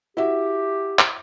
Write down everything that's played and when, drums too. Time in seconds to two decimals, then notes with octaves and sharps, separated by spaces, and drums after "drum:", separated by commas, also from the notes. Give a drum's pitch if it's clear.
0.17 E4 F#4 G4 E5
0.99 drum: clap